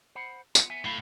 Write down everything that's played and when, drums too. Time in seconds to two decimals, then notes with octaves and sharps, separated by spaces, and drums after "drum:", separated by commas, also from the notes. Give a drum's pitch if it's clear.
0.15 C5 F#5 B5
0.55 B3 F4, drum: tambourine
0.70 B3 E5 G#5
0.85 B1 A2 F5 B5